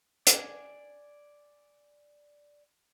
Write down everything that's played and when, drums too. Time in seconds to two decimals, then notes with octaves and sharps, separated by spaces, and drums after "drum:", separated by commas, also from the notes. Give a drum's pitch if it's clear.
0.27 D5 G#5, drum: hi-hat